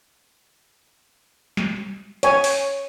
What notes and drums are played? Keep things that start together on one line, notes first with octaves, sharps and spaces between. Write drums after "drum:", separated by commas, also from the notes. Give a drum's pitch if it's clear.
drum: snare
C#5 G#5, drum: hi-hat
drum: open hi-hat